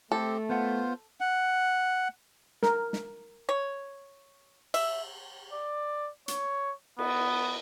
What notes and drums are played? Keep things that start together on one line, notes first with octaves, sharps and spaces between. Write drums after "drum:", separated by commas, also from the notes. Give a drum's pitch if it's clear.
A3 C4 G4 A4
B3 F4 C5 F#5
F#5
A#4, drum: snare
drum: snare
C#5
E5, drum: cymbal
D5
C#5, drum: hi-hat
B3, drum: cymbal